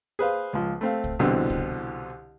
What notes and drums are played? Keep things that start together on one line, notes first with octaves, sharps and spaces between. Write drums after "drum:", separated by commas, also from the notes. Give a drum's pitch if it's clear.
G#4 B4 C5 F5
C#2 F3
A3 C4 F5
drum: kick
C2 B2 D3 E3 C4
drum: kick